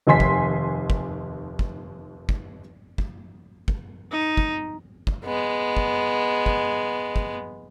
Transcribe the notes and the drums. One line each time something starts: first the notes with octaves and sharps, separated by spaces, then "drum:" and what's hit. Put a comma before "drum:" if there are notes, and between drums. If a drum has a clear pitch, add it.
F1 D#2 G#5 C6 B6
drum: kick
drum: kick
drum: kick
drum: kick
drum: kick
drum: kick
D#4
drum: kick
drum: kick
G#3 B3
drum: kick
drum: kick
drum: kick